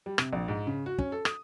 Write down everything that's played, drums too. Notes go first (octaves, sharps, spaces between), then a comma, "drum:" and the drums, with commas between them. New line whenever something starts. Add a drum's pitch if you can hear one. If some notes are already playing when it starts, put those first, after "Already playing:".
G3
C3, drum: rim click
A#1
G#2
C#3
F#4
C#4, drum: kick
A4
D#6, drum: rim click